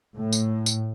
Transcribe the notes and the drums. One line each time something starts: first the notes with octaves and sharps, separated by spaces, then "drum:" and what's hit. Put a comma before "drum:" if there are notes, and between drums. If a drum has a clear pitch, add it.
A2
drum: tambourine
drum: tambourine